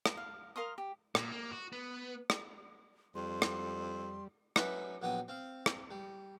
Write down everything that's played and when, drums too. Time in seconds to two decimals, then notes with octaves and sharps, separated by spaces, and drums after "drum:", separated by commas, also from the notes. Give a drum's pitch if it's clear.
0.06 drum: rim click
0.17 F5
0.56 A#4 F5 C6 D#6
0.78 G4
1.15 A#2, drum: rim click
1.32 A#3
1.51 F#4
1.72 B3
2.30 drum: rim click
3.15 F2 G3 C6
3.42 drum: rim click
4.56 F#3 C#4 D#4 B4 E5 B5, drum: rim click
5.02 A#1 F#3 B3 F#4 G5 D#6
5.28 C4 F5
5.66 drum: rim click
5.91 G3